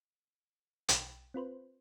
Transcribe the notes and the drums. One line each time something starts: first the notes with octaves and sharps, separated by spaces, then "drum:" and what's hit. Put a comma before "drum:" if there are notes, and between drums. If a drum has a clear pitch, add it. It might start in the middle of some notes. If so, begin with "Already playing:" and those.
B1 G5 B5 A6, drum: hi-hat
C4 F4 B4 C5